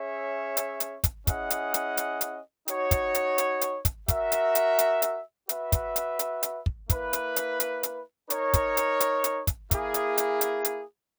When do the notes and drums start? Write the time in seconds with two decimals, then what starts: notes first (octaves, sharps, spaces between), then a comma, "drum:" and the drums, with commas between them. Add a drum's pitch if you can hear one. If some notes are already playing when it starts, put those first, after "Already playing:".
Already playing: C#4 G#4 C#5 E5
0.57 drum: hi-hat
0.80 drum: hi-hat
1.04 drum: kick, hi-hat
1.27 C#4 E4 G#4 D#5 F#5, drum: kick, hi-hat
1.50 drum: hi-hat
1.74 drum: hi-hat
1.97 drum: hi-hat
2.21 drum: hi-hat
2.68 D#4 F#4 C#5, drum: hi-hat
2.91 drum: kick, hi-hat
3.15 drum: hi-hat
3.38 drum: hi-hat
3.61 drum: hi-hat
3.85 drum: kick, hi-hat
4.08 F#4 A#4 E5, drum: kick, hi-hat
4.32 drum: hi-hat
4.55 drum: hi-hat
4.79 drum: hi-hat
5.02 drum: hi-hat
5.49 F#4 B4 E5, drum: hi-hat
5.72 drum: kick, hi-hat
5.96 drum: hi-hat
6.19 drum: hi-hat
6.43 drum: hi-hat
6.66 drum: kick
6.90 A#3 E4 B4, drum: kick, hi-hat
7.13 drum: hi-hat
7.36 drum: hi-hat
7.60 drum: hi-hat
7.83 drum: hi-hat
8.30 D#4 A#4 C#5, drum: hi-hat
8.54 drum: kick, hi-hat
8.77 drum: hi-hat
9.00 drum: hi-hat
9.24 drum: hi-hat
9.47 drum: kick, hi-hat
9.71 A#3 E4 G#4, drum: kick, hi-hat
9.94 drum: hi-hat
10.18 drum: hi-hat
10.41 drum: hi-hat
10.64 drum: hi-hat